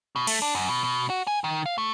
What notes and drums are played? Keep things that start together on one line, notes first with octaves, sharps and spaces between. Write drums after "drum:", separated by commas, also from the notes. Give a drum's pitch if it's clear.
B2
A3, drum: cymbal
D4
F#2
B2
B2
F#4
G#5
D#3
F5
A3